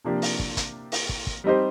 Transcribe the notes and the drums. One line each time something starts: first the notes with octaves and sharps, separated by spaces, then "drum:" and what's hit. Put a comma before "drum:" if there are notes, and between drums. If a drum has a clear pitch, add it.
C3 F3 A#3 D4 G4
drum: open hi-hat
drum: kick
drum: kick, hi-hat
drum: open hi-hat
drum: kick
drum: kick
G3 C4 D#4 G4 C5